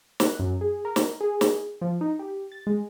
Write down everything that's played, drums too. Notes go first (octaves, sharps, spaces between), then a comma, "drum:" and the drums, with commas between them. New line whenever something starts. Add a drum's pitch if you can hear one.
F#6, drum: snare
F#2
G#4
A#4
drum: snare
G#4
drum: snare
F3
D#4
G4
A6
G#3